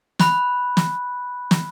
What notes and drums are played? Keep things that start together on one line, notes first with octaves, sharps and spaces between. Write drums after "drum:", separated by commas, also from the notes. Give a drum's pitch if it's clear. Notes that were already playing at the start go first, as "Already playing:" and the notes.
B5 F#6, drum: snare
drum: snare
drum: snare